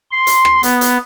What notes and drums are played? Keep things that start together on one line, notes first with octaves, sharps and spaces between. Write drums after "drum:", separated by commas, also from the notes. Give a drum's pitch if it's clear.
C6
drum: hi-hat
drum: rim click
B3, drum: hi-hat
drum: hi-hat